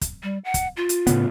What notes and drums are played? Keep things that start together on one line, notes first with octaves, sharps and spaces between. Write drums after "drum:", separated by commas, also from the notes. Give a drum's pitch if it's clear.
drum: kick, hi-hat
G3
F#5
drum: kick, hi-hat
F4
drum: hi-hat
A2 C#3 B3, drum: hi-hat